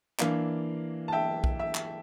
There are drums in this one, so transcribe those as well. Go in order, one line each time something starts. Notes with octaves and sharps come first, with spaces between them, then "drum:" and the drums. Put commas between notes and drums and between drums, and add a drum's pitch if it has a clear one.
E3 A#3 D4 F5, drum: clap
A5
E5 G5
drum: kick B1
E5
drum: clap